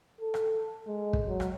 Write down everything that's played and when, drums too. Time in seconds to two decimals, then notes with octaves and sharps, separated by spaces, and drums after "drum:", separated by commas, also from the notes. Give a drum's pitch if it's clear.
0.21 A4
0.34 drum: rim click
0.87 G#3
1.13 drum: kick
1.27 F#3
1.40 drum: rim click